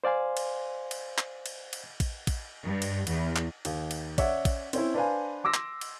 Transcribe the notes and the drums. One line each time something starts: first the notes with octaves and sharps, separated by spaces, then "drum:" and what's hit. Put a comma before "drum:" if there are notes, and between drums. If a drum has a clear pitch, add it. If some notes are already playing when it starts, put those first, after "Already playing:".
C5 D5 F5 G#5 C6
drum: cymbal
drum: cymbal
drum: clap
drum: cymbal
drum: cymbal
drum: kick, cymbal
drum: kick, cymbal
G2
drum: cymbal
E2, drum: cymbal
drum: clap
D#2, drum: cymbal
drum: cymbal
C#4 C#5 D5 E5 F#5, drum: kick, cymbal
drum: kick, cymbal
C4 C#4 E4, drum: cymbal
D4 B4 C5 F5 G#5
C6 D6 E6 A#6
drum: clap
drum: cymbal